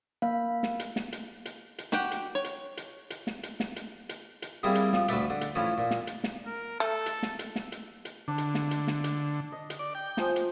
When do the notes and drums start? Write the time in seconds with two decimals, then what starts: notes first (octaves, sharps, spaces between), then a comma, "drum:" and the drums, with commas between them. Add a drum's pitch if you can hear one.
0.22 A#3 F5
0.63 drum: snare
0.80 drum: hi-hat
0.96 drum: snare
1.12 drum: hi-hat
1.45 drum: hi-hat
1.78 drum: hi-hat
1.92 F#4 G4 F#5 G5, drum: snare
2.11 drum: hi-hat
2.35 C#5
2.44 drum: hi-hat
2.77 drum: hi-hat
3.10 drum: hi-hat
3.27 drum: snare
3.43 drum: hi-hat
3.60 drum: snare
3.76 drum: hi-hat
4.09 drum: hi-hat
4.42 drum: hi-hat
4.63 G3 A#3 C4 E4 G#4
4.75 drum: hi-hat
4.93 F3, drum: snare
5.08 D2 A3 B4 D5 E5 D6, drum: hi-hat
5.30 D3
5.41 drum: hi-hat
5.55 A2 E3 F3 C#4
5.78 A#2
5.91 drum: snare
6.07 drum: hi-hat
6.24 drum: snare
6.46 A#4
6.80 A3 A4
7.06 drum: hi-hat
7.23 drum: snare
7.39 drum: hi-hat
7.56 drum: snare
7.72 drum: hi-hat
8.05 drum: hi-hat
8.28 D3 D4
8.38 drum: hi-hat
8.55 drum: snare
8.71 drum: hi-hat
8.87 drum: snare
9.04 drum: hi-hat
9.52 D#5
9.70 drum: hi-hat
9.79 D5
9.95 G5
10.17 F3 G#5 D#6, drum: snare
10.36 drum: hi-hat